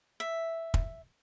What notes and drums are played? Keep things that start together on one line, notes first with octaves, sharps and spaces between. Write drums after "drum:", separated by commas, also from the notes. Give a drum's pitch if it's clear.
E5
drum: kick